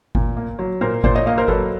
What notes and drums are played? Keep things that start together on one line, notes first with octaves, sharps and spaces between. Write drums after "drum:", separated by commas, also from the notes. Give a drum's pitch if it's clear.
A#2, drum: kick G1
A#3
F#3
A#2 A#4 C5
A#2 C5 D5, drum: kick G1
C#5 D#5
A#3 D#5 F5
A#4 C5
F#3 A4 B4, drum: kick G1